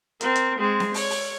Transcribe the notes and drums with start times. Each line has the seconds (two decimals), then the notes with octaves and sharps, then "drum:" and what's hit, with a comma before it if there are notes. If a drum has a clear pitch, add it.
0.21 C4 A#4, drum: hi-hat
0.36 drum: hi-hat
0.59 G#3 C4
0.80 drum: snare C4
0.94 C#5, drum: open hi-hat
1.10 drum: open hi-hat